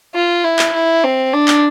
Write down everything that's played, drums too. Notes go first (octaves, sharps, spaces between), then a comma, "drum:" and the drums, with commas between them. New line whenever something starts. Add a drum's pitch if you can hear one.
F4
E4
drum: clap
E4
C4
D4
drum: clap